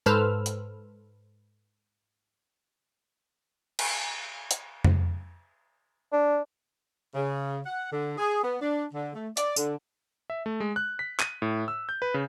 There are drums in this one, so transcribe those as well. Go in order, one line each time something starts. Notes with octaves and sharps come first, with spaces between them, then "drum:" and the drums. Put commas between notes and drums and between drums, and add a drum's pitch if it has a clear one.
G#2 A4 B4 C5 E6 F6
drum: hi-hat
drum: cymbal
drum: hi-hat
drum: tom F2
D4
C#3
F#5
D3
G#4
B3
D4
D3
A3
D5, drum: hi-hat
D3, drum: tambourine
E5
A3
G#3
F#6
B6
D#7, drum: clap
A2
E6
G6
B4
C#3